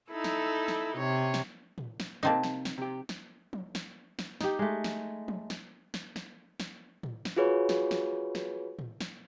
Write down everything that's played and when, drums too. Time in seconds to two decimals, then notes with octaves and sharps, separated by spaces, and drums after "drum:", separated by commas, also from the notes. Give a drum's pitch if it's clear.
0.11 D#4 E4 A4
0.24 drum: snare
0.68 drum: snare
0.97 C3 C#5
1.34 drum: snare
1.78 drum: tom A2
2.00 drum: snare
2.23 C3 A#3 C4 D#4 A5
2.43 drum: snare
2.65 drum: snare
2.78 C3 G4
3.09 drum: snare
3.53 drum: tom F3
3.75 drum: snare
4.19 drum: snare
4.41 D#4 G4, drum: snare
4.59 G#3 A3
4.84 drum: snare
5.28 drum: tom F3
5.50 drum: snare
5.94 drum: snare
6.16 drum: snare
6.60 drum: snare
7.03 drum: tom A2
7.25 drum: snare
7.37 F4 F#4 G#4 B4 C#5
7.69 drum: snare
7.91 drum: snare
8.35 drum: snare
8.79 drum: tom A2
9.01 drum: snare